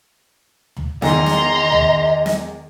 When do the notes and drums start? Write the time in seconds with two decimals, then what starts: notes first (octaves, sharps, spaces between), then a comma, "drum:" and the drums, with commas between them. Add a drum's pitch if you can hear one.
0.77 drum: tom
1.02 E2 D#3 D#5 A#5 C6, drum: snare
1.26 drum: snare
1.72 drum: tom
2.26 drum: snare